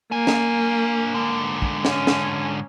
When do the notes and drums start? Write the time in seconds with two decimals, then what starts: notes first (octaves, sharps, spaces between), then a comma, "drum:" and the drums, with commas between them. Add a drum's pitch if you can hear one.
0.12 A#3 D4 G#5
0.27 drum: snare
1.14 G#2 D3
1.62 drum: kick
1.85 C#4, drum: snare
2.07 drum: snare